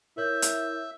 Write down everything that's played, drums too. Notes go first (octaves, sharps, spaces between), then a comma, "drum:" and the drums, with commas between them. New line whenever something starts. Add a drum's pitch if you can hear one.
E4 A#4 C#5 E5 G6
drum: hi-hat